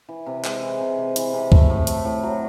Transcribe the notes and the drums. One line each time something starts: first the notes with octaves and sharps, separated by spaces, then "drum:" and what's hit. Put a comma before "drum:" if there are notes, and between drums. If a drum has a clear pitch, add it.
E3
C3
G#3, drum: clap
E3
C3
C3
E3, drum: hi-hat
C3
A3, drum: kick C#2
A2
A3, drum: hi-hat
A2
F#3